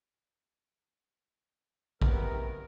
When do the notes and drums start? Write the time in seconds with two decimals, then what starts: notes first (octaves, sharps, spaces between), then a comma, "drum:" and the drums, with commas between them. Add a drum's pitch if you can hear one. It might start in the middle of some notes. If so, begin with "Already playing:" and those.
2.02 D#2 C3 B3 A#4, drum: kick A#1